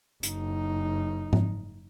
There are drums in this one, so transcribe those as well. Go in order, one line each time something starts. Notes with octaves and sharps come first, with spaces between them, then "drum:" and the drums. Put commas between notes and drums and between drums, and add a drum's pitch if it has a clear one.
F#1 D#4, drum: hi-hat
drum: tom G#2